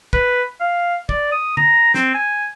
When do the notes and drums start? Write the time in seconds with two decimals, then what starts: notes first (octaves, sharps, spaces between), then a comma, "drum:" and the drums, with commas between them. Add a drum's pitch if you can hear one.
0.13 B4, drum: kick
0.60 F5
1.09 D5, drum: kick
1.32 D#6
1.57 A#5, drum: tom
1.94 C4, drum: snare
2.14 G#5